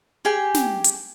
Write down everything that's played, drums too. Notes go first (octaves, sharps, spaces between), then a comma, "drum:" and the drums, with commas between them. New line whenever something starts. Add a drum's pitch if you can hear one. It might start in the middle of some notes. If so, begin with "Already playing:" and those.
G4 G#4 G5 G#5
drum: snare
drum: hi-hat